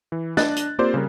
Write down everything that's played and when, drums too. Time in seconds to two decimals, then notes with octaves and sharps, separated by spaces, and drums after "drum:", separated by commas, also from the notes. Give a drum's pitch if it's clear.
0.12 E3
0.37 D4 D#5 F#6 A6, drum: snare
0.56 drum: hi-hat
0.79 A#3 C4 F4 G4 C5 D5
0.94 C#3 G3 A#4